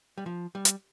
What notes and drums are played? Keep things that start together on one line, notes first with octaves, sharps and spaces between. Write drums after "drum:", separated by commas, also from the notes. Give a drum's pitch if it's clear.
G3
F3
G3
drum: hi-hat